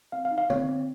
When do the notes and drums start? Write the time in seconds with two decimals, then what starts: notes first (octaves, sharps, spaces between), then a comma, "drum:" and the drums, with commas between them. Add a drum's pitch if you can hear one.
0.12 C4 F5
0.25 F5
0.31 D#4
0.38 F5
0.50 C4 C#5, drum: tom D3
0.69 C4